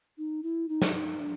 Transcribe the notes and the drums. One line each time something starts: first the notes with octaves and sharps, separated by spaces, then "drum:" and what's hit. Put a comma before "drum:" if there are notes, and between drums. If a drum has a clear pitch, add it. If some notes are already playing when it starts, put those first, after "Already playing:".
D#4
E4
D#4
drum: snare
D#4
D4